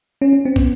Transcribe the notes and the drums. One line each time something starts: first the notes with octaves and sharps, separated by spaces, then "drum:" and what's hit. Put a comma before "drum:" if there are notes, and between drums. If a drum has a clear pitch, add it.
C#4
C#4
C4
B3, drum: kick